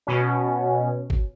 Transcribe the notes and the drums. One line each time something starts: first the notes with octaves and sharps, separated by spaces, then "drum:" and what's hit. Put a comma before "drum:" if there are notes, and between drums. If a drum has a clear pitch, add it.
B2 C#4
drum: kick G#1